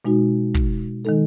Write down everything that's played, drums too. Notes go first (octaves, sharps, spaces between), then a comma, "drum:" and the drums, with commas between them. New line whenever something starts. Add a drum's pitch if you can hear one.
B2 G#3 D#4 F#4
drum: kick
D#3 G#3 D#4 A4